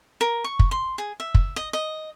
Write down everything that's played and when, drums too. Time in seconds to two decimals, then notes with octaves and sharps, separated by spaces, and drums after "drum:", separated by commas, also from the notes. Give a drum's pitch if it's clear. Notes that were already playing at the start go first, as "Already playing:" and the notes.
0.21 A#4
0.44 C#6
0.59 drum: kick
0.71 C6
0.98 G#4
1.20 E5
1.35 drum: kick
1.56 D#5
1.73 D#5